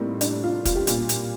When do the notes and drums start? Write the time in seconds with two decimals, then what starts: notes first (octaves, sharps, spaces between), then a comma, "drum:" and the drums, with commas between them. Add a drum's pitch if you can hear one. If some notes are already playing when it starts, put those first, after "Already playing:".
Already playing: A2 G3 A#3 C4 D#4
0.21 D4, drum: hi-hat
0.44 F4
0.65 F4, drum: kick, hi-hat
0.75 G4
0.87 A#2 G3 F4, drum: hi-hat
1.09 drum: hi-hat